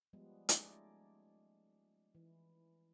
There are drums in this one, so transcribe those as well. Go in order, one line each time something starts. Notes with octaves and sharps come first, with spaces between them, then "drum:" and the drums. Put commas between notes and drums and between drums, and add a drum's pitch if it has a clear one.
F3 G3 G#3 B3
G#3 A3 C#4 D#4 G#4 D5, drum: hi-hat
E3